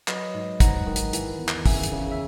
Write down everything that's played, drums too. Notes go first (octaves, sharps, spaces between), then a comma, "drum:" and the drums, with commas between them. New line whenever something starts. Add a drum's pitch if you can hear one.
F#3 B4 D#5, drum: clap
G#2
G#2 F#5 A#5, drum: kick, hi-hat
D#3
drum: hi-hat
E3, drum: hi-hat
E2
drum: clap
C#3 E5 G#5, drum: kick, open hi-hat
drum: hi-hat
C#3
E5